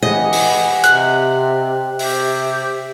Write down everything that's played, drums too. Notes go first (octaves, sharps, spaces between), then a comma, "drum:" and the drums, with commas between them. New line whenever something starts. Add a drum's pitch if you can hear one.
E3 G4 D#5 F#5 G#5
drum: open hi-hat
C3 F#6, drum: hi-hat
C4
C3 G4 E5, drum: open hi-hat